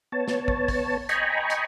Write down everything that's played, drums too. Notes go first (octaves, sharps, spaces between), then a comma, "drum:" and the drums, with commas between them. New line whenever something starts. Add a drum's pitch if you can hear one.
B3 C#5 A5
drum: snare
drum: kick
drum: kick, open hi-hat
D#5 G5 G#5 A#5 B5 C#6, drum: hi-hat
drum: hi-hat